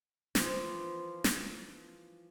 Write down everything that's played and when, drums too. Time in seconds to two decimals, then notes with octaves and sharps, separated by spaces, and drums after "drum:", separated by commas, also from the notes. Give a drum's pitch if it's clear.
0.35 E3 F3, drum: snare
1.24 drum: snare